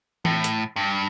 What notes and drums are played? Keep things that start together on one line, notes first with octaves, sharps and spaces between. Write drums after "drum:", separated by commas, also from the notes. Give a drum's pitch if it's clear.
A2, drum: tom E3
drum: hi-hat
G2